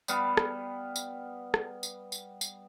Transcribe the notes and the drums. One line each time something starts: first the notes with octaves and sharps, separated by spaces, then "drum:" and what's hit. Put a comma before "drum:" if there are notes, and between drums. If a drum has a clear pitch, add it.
G3 B3 F5, drum: tambourine
drum: rim click
drum: tambourine
drum: rim click
drum: tambourine
drum: tambourine
drum: tambourine